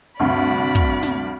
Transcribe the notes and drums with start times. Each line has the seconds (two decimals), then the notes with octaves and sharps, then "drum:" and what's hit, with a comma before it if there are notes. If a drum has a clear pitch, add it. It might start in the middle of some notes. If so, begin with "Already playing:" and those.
0.20 D2 G2 C3 F#4 D5 B5
0.75 drum: kick
1.03 drum: snare